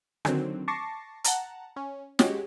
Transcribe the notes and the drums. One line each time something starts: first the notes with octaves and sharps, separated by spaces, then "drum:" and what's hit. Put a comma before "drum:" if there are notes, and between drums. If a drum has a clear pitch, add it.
D3 D#3 F#3 C4, drum: rim click
A5 C#6 D6 A6 A#6 C7
F#5 A5 A#5, drum: hi-hat
C#4
G#3 C#4 F#4 G4, drum: snare